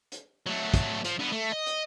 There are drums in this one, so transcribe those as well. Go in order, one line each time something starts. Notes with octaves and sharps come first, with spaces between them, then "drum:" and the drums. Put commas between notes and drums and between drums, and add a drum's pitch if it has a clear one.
drum: hi-hat
F#3 A3
drum: kick, hi-hat
F3, drum: hi-hat
D3 B3
A3
D#5
drum: hi-hat